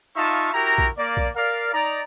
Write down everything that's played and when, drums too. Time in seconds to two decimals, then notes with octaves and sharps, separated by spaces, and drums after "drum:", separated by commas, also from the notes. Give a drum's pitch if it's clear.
0.16 D#4 F4 E5 F5 A5 C#6
0.53 E4 F#4 G4 A#4 A#5
0.78 drum: kick
0.97 A#3 D5
1.17 drum: kick
1.36 A#4 D5 F5
1.73 D#4 D5 A#5